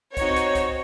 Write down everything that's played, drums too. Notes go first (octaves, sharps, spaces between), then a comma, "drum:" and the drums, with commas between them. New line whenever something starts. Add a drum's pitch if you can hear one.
C4 D#4 F#4 C#5, drum: kick C2, hi-hat
drum: hi-hat
drum: kick C2, hi-hat